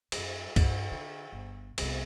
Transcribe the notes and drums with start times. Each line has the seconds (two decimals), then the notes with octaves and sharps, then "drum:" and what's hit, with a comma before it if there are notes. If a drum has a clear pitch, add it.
0.12 F#2 F#3, drum: cymbal
0.56 G2 A3, drum: kick, cymbal
0.91 D3
1.32 G1
1.78 C2 B3, drum: cymbal